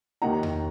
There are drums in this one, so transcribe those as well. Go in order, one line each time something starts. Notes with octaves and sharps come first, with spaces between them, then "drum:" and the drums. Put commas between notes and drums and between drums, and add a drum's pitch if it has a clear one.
D#2 D#3 A#3 D#4 F#5 A#5
drum: tom E2